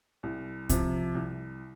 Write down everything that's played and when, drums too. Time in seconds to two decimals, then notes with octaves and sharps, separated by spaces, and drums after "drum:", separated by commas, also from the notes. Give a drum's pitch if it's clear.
0.23 C2
0.69 C3 F3, drum: kick C2, hi-hat
1.15 C2